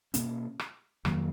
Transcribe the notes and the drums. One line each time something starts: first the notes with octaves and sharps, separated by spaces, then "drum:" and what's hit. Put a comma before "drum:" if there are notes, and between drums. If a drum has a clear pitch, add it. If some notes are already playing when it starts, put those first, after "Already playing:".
B2 A#3 C#4, drum: hi-hat
drum: rim click
F2 D#3 F#3 A#3, drum: rim click